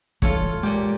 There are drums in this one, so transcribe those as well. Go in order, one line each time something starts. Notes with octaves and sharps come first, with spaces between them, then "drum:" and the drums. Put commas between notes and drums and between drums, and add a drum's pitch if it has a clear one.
G2 E3 A3 F4 A4 C#5, drum: kick
A#2 G#3 G4